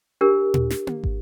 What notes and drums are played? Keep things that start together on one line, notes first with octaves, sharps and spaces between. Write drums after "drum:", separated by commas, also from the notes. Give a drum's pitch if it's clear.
D4 G4 A#4
drum: tom A#2
drum: snare
drum: tom A#3
drum: kick